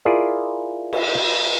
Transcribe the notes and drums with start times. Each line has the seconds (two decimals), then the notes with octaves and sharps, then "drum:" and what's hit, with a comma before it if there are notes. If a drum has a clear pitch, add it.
0.05 E4 F4 G#4 A#4 D5
0.93 drum: cymbal